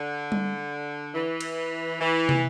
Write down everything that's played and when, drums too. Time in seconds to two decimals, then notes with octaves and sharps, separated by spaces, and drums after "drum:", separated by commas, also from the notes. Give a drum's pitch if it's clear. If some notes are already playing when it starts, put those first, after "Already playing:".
Already playing: D3
0.32 drum: tom G3
1.13 E3
1.41 drum: cymbal
1.99 E3
2.29 drum: tom